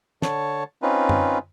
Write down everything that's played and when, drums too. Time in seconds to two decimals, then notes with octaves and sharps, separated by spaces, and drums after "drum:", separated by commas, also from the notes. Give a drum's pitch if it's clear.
0.22 D3 C#5 A5, drum: snare
0.82 C4 C#4 D#4 F4 B4
1.09 drum: tom F#2